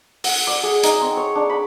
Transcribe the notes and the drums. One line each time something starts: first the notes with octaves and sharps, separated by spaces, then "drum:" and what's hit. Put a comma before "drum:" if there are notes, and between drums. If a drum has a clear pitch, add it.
F#5, drum: open hi-hat
D5
G#4
D#4, drum: hi-hat
C4
C#5
D4
B5